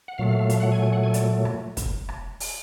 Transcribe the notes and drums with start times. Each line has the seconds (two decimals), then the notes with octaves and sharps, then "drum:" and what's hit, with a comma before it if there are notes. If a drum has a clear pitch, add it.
0.08 F#5
0.18 A#2 F#3 A3 F5
0.29 F5
0.39 F5
0.50 F5, drum: hi-hat
0.60 F#5
0.72 G#5
0.82 G#5
0.93 F#5
1.03 G#5
1.14 D5, drum: hi-hat
1.45 drum: rim click
1.77 drum: kick, hi-hat
2.09 drum: rim click
2.40 drum: open hi-hat